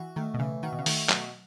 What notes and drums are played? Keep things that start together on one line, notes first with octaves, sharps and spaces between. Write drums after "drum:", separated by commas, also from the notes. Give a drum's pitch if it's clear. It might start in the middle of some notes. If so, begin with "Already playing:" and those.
Already playing: E3 F#4
D#3 A3
B2
C#3 E3
D#3 F#4
B2
C#3
D#3 A3, drum: open hi-hat
B2 F#3, drum: clap